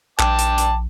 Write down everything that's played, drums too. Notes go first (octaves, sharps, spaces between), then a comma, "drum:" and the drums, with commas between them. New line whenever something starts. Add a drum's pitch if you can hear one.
A#1 G5 A5 D6, drum: clap
drum: hi-hat
drum: hi-hat